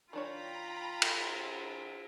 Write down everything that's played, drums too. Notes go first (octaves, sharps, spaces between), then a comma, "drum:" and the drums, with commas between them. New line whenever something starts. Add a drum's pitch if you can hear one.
D#3 D4 F4 C#5 G5 A#5 B5
drum: cymbal